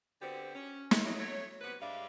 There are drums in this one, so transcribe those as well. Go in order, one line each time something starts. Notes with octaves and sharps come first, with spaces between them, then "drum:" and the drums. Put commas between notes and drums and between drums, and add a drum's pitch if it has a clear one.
D3 B3 C4 F#4 G4
C#4
drum: snare
F#3 G#3 D#4 E4
F#3 A3 C#5
C3 B3 B4
G2 G#3 D5 E5 F5